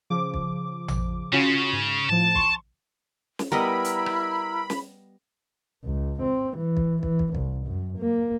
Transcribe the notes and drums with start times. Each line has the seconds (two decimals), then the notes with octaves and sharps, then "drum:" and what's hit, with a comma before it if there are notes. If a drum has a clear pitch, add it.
0.10 C#3 F3 D6
0.34 drum: kick
0.88 drum: tom A1
1.33 C#3 C#4 F4 F#4
1.73 G#2
2.09 A2 F3 A5
2.35 C6 C#6, drum: kick
3.39 drum: snare
3.52 G3 B3 E4 A#4 D#5 B5
3.84 drum: hi-hat
4.06 drum: rim click
4.70 drum: snare
5.84 C#2
6.23 C4
6.58 E3
6.77 drum: kick
7.03 E3, drum: kick
7.19 drum: kick
7.35 C2, drum: kick
7.67 F#2
7.98 A#3